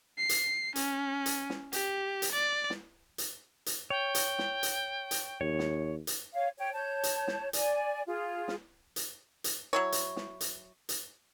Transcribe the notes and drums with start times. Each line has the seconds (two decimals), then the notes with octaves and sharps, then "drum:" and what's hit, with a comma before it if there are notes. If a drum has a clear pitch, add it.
0.18 C7
0.29 drum: hi-hat
0.76 C#4, drum: hi-hat
1.26 drum: hi-hat
1.50 drum: snare
1.73 G4, drum: hi-hat
2.22 drum: hi-hat
2.32 D5
2.70 drum: snare
3.18 drum: hi-hat
3.66 drum: hi-hat
3.90 C#5 G5
4.15 drum: hi-hat
4.39 drum: snare
4.63 drum: hi-hat
5.11 drum: hi-hat
5.41 D#2 C#5
5.59 drum: snare
6.07 drum: hi-hat
6.34 C#5 F5
6.58 C#5 G5
6.74 C#5 A5 G6
7.03 drum: hi-hat
7.28 drum: snare
7.53 D5 G#5, drum: hi-hat
8.07 F4 G#4
8.48 drum: snare
8.96 drum: hi-hat
9.44 drum: hi-hat
9.73 F#3 E4 C#5
9.92 drum: hi-hat
10.16 drum: snare
10.41 drum: hi-hat
10.89 drum: hi-hat